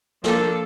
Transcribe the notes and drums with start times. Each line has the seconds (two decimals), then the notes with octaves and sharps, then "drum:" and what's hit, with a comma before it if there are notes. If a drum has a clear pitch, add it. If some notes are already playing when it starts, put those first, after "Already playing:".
0.24 F3 A#3 D4 A4, drum: snare